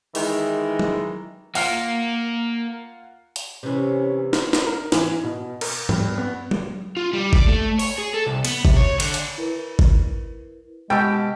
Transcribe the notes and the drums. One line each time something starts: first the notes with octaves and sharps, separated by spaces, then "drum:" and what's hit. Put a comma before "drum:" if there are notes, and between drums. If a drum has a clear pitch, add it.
D#3 E3 G#3 A#4, drum: open hi-hat
drum: tom F#3
A#3 F4 F5 F#5, drum: open hi-hat
drum: hi-hat
C3 E3 C#4
drum: snare
drum: snare
A#4
E3, drum: snare
B2
A#4, drum: cymbal
G2, drum: tom G#2
B3
drum: tom F#3
F4
G3
D5, drum: kick G1
A3
C#5, drum: open hi-hat
G#4
A4
C2
B3, drum: cymbal
C3, drum: kick G1
C#5
D3, drum: cymbal
drum: hi-hat
E4 A#4 B4
drum: kick G1
B2 G#3 G4 F#5 G5 A5 E6 D7